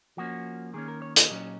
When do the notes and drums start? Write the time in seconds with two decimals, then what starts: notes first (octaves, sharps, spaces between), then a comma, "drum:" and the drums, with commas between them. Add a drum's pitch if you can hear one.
0.17 F3 A#3 C#4 F#4
0.74 D#3 A#3 C#4 G#4
0.88 A#4
1.02 C#5
1.16 D#5, drum: hi-hat
1.30 A#2 F#3 C#4